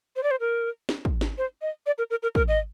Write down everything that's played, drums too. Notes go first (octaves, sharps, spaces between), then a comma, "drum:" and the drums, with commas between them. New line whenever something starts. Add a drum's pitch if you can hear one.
C5
D5
C5
A#4
drum: snare
drum: kick
drum: snare
C5
D#5
D5
A#4
A#4
A#4
A#4, drum: kick
D#5